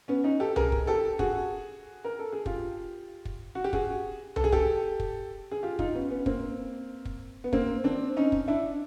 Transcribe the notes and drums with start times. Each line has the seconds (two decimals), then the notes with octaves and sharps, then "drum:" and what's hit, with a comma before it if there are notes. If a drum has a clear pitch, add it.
0.08 B3 C#4
0.24 C#4 D#4
0.40 G4 A4
0.56 G#4 A#4, drum: tom C2
0.72 drum: kick
0.87 G4 A4
1.19 F#4 G#4, drum: kick
2.04 A#4
2.19 A4
2.32 G#4
2.46 F4 G4, drum: kick
3.25 drum: kick
3.55 F#4
3.64 G4
3.73 F#4 G#4, drum: kick
4.36 A4, drum: tom C2
4.44 G#4
4.52 G4 A4, drum: kick
5.00 drum: kick
5.51 G#4
5.63 F4 G4
5.79 D#4 F4, drum: kick
5.95 B3 C#4
6.10 B3 C#4
6.26 A#3 C4, drum: kick
7.05 drum: kick
7.44 B3
7.53 A#3 C4, drum: kick
7.84 C4 D4
8.17 C#4 D#4
8.32 drum: kick
8.48 D4 E4